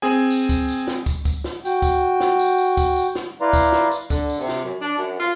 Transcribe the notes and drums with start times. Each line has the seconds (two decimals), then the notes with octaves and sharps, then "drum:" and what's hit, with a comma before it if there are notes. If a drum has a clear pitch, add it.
0.02 C4 G#4 G#5
0.30 drum: tambourine
0.49 drum: kick, tambourine
0.68 drum: tambourine
0.87 drum: snare
1.06 drum: kick, tambourine
1.25 drum: kick, tambourine
1.44 drum: snare
1.65 F#4 G5, drum: tambourine
1.82 drum: kick, tambourine
2.20 drum: snare
2.39 drum: tambourine
2.58 drum: tambourine
2.77 drum: kick, tambourine
2.96 drum: tambourine
3.15 drum: snare
3.41 E4 B4 D5 F5 A#5 C6
3.53 drum: kick, tambourine
3.72 drum: snare
3.91 drum: tambourine
4.10 D3, drum: kick, tambourine
4.29 drum: tambourine
4.39 C3
4.48 drum: snare
4.64 F#2
4.82 D4
4.98 F#2
5.20 F4